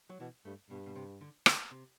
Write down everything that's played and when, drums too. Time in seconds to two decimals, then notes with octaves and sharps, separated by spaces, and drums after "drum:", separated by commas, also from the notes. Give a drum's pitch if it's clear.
0.09 F#3
0.20 B2 E3
0.45 G2 A3
0.70 G2 B2
0.86 B2
0.95 C3
1.21 D3
1.46 D3, drum: rim click
1.71 C3